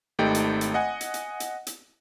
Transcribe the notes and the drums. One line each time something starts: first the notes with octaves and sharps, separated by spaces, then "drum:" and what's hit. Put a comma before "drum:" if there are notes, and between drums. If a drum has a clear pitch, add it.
G#1 A3 D#4 G4 G5
drum: hi-hat
drum: hi-hat
D#5 F#5 G#5
drum: hi-hat
drum: hi-hat
drum: hi-hat
drum: hi-hat